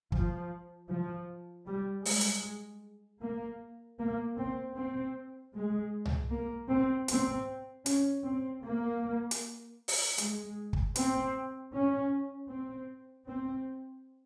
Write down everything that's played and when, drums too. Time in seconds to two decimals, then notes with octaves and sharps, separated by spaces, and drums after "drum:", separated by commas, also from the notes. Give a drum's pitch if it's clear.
0.12 F3, drum: kick
0.89 F3
1.67 G3
2.05 G#3, drum: open hi-hat
2.21 drum: hi-hat
3.21 A#3
3.99 A#3
4.37 C4
4.76 C4
5.54 G#3
6.06 drum: tom C2
6.31 A#3
6.69 C4
7.08 C4, drum: hi-hat
7.86 C#4, drum: hi-hat
8.25 C4
8.63 A#3
9.31 drum: hi-hat
9.88 drum: open hi-hat
10.18 G#3, drum: hi-hat
10.73 drum: kick
10.96 C4, drum: hi-hat
11.73 C#4
12.50 C4
13.27 C4